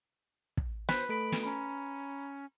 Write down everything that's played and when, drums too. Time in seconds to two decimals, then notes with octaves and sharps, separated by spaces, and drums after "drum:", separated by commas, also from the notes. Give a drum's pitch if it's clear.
0.57 drum: kick
0.89 B4 C5, drum: snare
1.09 A3 A4 B5 D7
1.32 drum: snare
1.43 C#4 A#5 B5